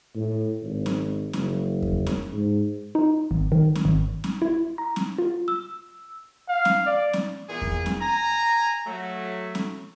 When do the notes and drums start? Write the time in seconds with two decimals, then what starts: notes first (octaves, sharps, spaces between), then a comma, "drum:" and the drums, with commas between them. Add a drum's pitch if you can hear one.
0.15 A2
0.62 G#1
0.86 drum: snare
1.33 F#1, drum: snare
1.82 drum: kick E2
2.06 drum: snare
2.33 G#2
2.95 D#4
3.31 G#1
3.52 D#3
3.75 drum: snare
3.85 G#1
4.24 drum: snare
4.42 E4
4.78 A#5
4.96 drum: snare
5.18 F4
5.48 E6
6.49 F5
6.65 drum: snare
6.86 D5
7.13 drum: snare
7.49 A#2 E3 B3 E4 G#4
7.62 drum: kick E2
7.86 drum: snare
8.00 G#5 A#5
8.87 F#3 A3
9.55 drum: snare